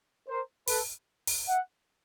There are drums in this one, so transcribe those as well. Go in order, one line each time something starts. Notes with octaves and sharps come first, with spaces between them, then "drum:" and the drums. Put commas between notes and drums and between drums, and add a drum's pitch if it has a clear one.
A#4 C5
A4 B4, drum: open hi-hat
drum: open hi-hat
E5 F#5